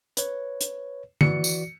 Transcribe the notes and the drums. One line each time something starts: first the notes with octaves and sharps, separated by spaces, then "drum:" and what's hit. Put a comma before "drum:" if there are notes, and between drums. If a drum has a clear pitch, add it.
B4 C#5, drum: hi-hat
drum: hi-hat
E3 F#4 D5 C#7, drum: tom D3
drum: tambourine